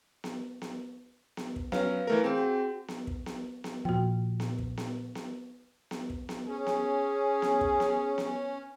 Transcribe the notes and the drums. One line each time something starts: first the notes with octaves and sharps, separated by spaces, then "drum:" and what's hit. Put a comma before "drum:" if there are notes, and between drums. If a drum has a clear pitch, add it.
drum: snare B3
drum: snare B3
drum: snare B3
drum: kick
F#3 C#4 B4 F5, drum: snare B3
E3 A3 A#4
C4 G#4 G5
F#4
drum: snare B3
drum: kick
drum: snare B3
drum: snare B3
A#2 F3 F#4 G5
drum: snare B3
drum: kick
drum: snare B3
drum: snare B3
drum: snare B3
drum: kick
drum: snare B3
C#4 G#4
drum: snare B3
drum: snare B3
drum: kick
drum: snare B3
drum: snare B3